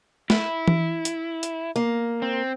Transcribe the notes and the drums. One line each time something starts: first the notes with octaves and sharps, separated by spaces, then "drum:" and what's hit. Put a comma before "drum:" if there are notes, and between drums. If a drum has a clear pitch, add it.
E4, drum: snare
drum: tom E3
drum: hi-hat
drum: hi-hat
A#3
C4